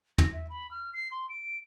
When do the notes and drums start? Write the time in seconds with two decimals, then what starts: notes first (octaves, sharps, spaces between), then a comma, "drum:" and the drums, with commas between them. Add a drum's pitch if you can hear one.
0.18 A#6, drum: tom
0.33 E5
0.50 B5
0.71 F6
0.94 C7
1.11 C6
1.29 D7